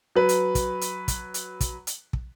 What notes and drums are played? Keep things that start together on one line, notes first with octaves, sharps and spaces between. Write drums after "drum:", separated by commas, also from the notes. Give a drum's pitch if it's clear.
F#3 B4
drum: hi-hat
drum: kick, hi-hat
drum: hi-hat
drum: kick, hi-hat
drum: hi-hat
drum: kick, hi-hat
drum: hi-hat
drum: kick